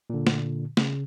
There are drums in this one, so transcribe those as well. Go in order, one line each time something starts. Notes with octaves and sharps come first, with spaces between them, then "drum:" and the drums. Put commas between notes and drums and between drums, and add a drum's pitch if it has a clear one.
A#2 D3
drum: snare
C#3, drum: snare